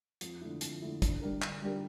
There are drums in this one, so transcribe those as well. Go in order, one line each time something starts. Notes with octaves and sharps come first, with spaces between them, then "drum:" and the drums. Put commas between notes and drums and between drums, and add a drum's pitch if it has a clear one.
F2, drum: hi-hat
D3 A3 E4
F2, drum: hi-hat
D3 A3 E4
D3, drum: kick, hi-hat
G3 D4 G4 A#4
D3, drum: clap
G3 D4 G4 A#4